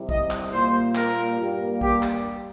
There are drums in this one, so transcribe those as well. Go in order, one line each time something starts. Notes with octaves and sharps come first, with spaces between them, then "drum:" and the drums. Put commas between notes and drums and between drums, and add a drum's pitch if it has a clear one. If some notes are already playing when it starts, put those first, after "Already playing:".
Already playing: C2 C3 G3
D#5, drum: kick
drum: clap
A#2 G3 A#3 C5
A#4, drum: clap
G2 G3 A#3
G4, drum: kick
drum: clap